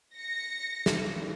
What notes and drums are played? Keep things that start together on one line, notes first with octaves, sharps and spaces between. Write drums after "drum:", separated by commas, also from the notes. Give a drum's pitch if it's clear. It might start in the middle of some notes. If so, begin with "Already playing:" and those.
A#6 C#7
drum: snare